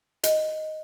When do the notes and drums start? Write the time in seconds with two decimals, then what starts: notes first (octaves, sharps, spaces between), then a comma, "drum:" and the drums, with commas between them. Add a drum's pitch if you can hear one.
0.24 D#5, drum: hi-hat